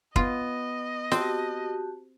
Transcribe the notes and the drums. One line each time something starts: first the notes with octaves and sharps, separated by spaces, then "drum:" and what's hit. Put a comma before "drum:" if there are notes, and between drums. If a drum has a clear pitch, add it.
B3 F4 D#5, drum: kick
C4 F#4 G4 A5, drum: snare